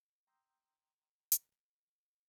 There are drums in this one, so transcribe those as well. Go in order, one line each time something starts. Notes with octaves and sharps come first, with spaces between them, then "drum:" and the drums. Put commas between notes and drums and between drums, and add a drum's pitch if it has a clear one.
G5 A#5 C6 D#6 E6 G6
drum: hi-hat